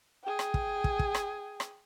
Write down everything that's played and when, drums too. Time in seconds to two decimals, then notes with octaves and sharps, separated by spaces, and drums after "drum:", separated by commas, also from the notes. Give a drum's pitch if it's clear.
0.24 G#4 G5
0.39 drum: rim click
0.54 drum: kick
0.84 drum: kick
0.99 drum: kick
1.14 drum: rim click
1.60 drum: rim click